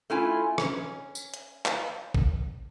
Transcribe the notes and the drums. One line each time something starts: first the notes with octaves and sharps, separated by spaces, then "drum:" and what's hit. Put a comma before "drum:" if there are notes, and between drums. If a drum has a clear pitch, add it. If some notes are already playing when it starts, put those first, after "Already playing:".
A3 C#4 E4 F4 G#5
C#4, drum: rim click
drum: tambourine
drum: hi-hat
drum: clap
drum: kick A#1